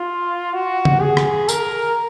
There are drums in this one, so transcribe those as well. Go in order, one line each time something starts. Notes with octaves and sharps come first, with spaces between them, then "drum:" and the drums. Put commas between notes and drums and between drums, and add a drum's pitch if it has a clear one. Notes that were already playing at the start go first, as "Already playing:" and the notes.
Already playing: F4
F#4
drum: tom
G#4
drum: rim click
A#4, drum: tambourine